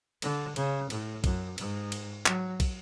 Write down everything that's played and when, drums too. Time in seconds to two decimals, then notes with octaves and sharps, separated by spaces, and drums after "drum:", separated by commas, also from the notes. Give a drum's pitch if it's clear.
0.22 D3, drum: cymbal
0.56 C#3, drum: cymbal
0.90 A2, drum: cymbal
1.24 F#2, drum: kick, cymbal
1.58 G#2, drum: cymbal
1.92 drum: cymbal
2.26 F#3, drum: clap
2.60 drum: kick, cymbal